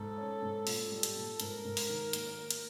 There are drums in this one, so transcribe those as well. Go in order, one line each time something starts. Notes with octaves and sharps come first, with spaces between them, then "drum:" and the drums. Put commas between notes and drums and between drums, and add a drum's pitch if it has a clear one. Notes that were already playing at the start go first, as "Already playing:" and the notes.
Already playing: G#2 A4
C#4
G#2
A#2, drum: open hi-hat
G3
drum: hi-hat
A#2
G#2 A#4, drum: hi-hat
G#2
drum: open hi-hat
D#3
A#3, drum: hi-hat
A#3
drum: hi-hat